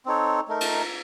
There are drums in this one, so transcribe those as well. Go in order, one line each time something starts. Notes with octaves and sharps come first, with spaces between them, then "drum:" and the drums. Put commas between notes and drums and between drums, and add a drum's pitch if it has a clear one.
C4 D#4 A4 C#5
A3 D#4 A#4
drum: cymbal